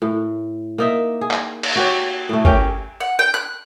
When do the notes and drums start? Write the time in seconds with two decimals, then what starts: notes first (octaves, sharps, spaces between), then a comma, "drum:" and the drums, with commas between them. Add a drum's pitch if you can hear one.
0.02 A2
0.78 A#3 D#4 E5
1.21 G#4
1.31 drum: clap
1.63 drum: cymbal
1.76 F#4 G4 C#5
2.29 A2 A3
2.45 C#4 G4 A#4 G5, drum: kick G1
3.00 F#5
3.19 G5
3.34 F#6